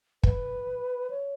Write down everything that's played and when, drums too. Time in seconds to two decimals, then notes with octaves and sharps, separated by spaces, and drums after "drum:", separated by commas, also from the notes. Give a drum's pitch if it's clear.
0.23 B4, drum: kick
1.10 C#5